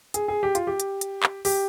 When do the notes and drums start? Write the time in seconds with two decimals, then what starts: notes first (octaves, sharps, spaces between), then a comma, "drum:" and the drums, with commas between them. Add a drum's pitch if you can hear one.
0.14 G#4, drum: hi-hat
0.28 G#4
0.43 G4
0.55 F4, drum: hi-hat
0.67 G4
0.80 drum: hi-hat
1.01 drum: hi-hat
1.23 drum: clap
1.45 G4, drum: open hi-hat